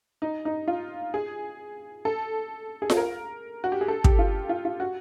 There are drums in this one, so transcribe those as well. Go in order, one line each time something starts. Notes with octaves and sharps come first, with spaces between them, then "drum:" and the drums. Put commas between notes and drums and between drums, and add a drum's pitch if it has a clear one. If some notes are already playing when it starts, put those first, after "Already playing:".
D#4
D#4
F4
G#4
A4
G#4
A4, drum: snare F4
A#4
F#4
G4
G#4
A4
G4, drum: kick
F4
F4
F4
F#4